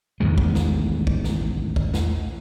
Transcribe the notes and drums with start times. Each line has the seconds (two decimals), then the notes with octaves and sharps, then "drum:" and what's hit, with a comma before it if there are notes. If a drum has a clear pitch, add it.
0.20 A1 E2 D#3 G#3
0.38 drum: kick
0.55 drum: snare
1.07 drum: kick
1.24 drum: snare
1.76 drum: kick
1.94 drum: snare